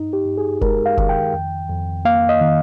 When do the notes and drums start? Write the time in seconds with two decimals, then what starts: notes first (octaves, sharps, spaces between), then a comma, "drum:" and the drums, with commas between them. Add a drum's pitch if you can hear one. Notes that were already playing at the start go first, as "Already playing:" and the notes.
Already playing: G2 D#4
0.13 G4
0.26 G2
0.38 G#4
0.61 G#3 A#4, drum: kick F1
0.86 F5
0.98 D#3, drum: kick F1
1.09 G5
1.34 F2
1.69 F2
2.05 A#3 F5
2.29 D#5
2.41 D#3